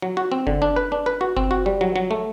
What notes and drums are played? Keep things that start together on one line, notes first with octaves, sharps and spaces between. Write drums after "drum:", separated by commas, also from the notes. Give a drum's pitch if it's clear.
F#3
F#4
C4
D3, drum: kick F#1
D4
B4
D4
B4
F#4
C4, drum: kick F#1
F#4
G3
F#3
F#3
A3